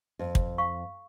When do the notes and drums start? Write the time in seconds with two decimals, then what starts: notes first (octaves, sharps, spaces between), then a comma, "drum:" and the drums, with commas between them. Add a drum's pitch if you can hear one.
0.19 F2
0.35 drum: kick
0.58 F5 C#6